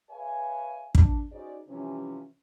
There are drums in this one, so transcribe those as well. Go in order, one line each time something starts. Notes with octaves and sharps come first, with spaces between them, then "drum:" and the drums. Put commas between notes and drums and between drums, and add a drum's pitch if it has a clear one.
G#4 B4 C#5 E5 F5 G#5
D4, drum: kick
C#4 D#4 F#4 G#4 C5 D5
C3 E3 F3 G3 C#4